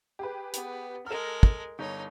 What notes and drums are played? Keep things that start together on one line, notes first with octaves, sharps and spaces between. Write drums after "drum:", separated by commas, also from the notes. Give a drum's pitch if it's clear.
G4 G#4 B4
B3, drum: hi-hat
G#3 A4 A#4 F6
drum: kick
G1 D#4 C#5